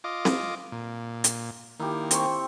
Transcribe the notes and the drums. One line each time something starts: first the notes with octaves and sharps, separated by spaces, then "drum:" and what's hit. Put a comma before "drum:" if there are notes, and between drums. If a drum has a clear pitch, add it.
F4 D#5 D6
drum: snare C4
A#2
drum: hi-hat
D#3 A#3 E4 G4
C4 C#6, drum: hi-hat